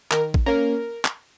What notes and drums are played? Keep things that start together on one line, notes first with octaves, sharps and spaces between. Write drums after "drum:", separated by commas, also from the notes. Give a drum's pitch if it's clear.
D#3 A#4, drum: clap
drum: kick
A#3 C#4 A#4
drum: clap